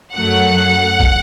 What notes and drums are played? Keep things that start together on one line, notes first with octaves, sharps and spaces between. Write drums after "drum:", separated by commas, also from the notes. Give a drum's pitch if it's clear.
F#2 F#3 A3 F#5
drum: kick